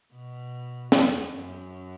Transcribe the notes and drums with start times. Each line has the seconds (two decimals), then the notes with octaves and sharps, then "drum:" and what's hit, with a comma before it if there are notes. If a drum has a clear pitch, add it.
0.13 B2
0.92 E2, drum: snare
1.33 F#2